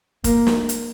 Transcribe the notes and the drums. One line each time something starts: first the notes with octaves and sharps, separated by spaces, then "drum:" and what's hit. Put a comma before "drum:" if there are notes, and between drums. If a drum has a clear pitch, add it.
A#3, drum: kick F1, hi-hat
drum: snare
drum: hi-hat